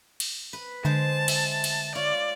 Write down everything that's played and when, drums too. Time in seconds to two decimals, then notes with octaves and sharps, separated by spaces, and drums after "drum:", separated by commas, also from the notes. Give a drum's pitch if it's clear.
0.20 drum: cymbal
0.53 B4
0.85 D3 G#3 C5 A5
1.28 E5, drum: cymbal
1.64 drum: cymbal
1.95 F4 C#5 D5